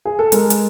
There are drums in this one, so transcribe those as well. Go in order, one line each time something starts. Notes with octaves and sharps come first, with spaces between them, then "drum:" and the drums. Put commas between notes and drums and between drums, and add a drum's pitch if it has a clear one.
G#4
A4
G#3 A#4, drum: hi-hat
drum: hi-hat